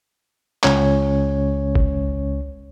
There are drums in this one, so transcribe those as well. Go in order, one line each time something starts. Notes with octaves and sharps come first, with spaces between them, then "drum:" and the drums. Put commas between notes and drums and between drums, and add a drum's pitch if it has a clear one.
C#2 C#4 C#5, drum: clap
drum: kick G1